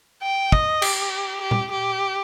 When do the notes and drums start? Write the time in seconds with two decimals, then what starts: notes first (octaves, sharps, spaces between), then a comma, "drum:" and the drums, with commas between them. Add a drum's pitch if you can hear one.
0.23 G5
0.52 D#5, drum: kick
0.82 G4, drum: cymbal
1.41 G4
1.51 drum: tom A#2
1.71 G4